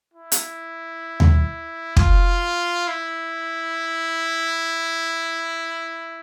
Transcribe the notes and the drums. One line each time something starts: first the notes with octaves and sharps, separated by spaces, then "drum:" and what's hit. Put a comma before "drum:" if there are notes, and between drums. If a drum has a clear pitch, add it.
E4
drum: hi-hat
drum: tom D#2
F4, drum: kick
E4